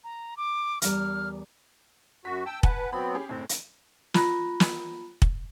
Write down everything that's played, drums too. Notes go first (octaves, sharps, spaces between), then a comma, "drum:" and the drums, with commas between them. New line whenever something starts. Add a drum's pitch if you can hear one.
A#5
D6
E2 G3 A#4 F6, drum: hi-hat
F#2 F#4 B6
G5 A5 E6
B4 F#5 G#5 A5, drum: kick
F#3 B3 C4 B5
C#4 G4 G#4
F#1 A2 C4
drum: hi-hat
F4 A#5 B5 F#6 A#6, drum: snare
drum: snare
drum: kick